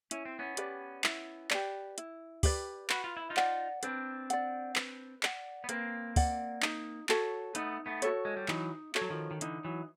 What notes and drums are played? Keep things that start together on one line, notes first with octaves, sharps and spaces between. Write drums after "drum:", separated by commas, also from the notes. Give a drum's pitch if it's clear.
C#4 E4, drum: hi-hat
C4
B3 C#4
G4 B4 D5, drum: hi-hat
E4, drum: clap
G4 B4 D5, drum: clap
E4, drum: hi-hat
G4 B4 D5, drum: kick, open hi-hat
F#4 B4, drum: clap
F4
E4
D#4 F4
D5 F#5, drum: clap
C4 D4 B4, drum: hi-hat
D5 F#5, drum: hi-hat
B4, drum: clap
D5 F#5, drum: clap
B3
A#3 C4 B4, drum: hi-hat
D5 F#5, drum: kick, open hi-hat
D#4, drum: clap
F#4 A4 C#5, drum: clap
A3 B3 D#4, drum: hi-hat
A3 B3
F#4 A4 C#5, drum: hi-hat
G#3
G3
E3 F#3 D#4, drum: clap
F#4 A4 C#5, drum: clap
F#3
D#3 F3
D#3
D3 E3 D#4, drum: hi-hat
E3 F#3